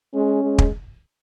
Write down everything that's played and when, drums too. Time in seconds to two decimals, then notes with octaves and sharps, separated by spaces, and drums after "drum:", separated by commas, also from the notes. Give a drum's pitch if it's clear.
0.14 G#3 C#4
0.43 G#3
0.58 drum: kick